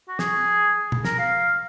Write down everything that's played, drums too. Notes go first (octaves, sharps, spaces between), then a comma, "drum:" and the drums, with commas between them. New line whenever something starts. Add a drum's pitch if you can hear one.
F#4
G#4, drum: snare
drum: tom
A#4, drum: snare
F5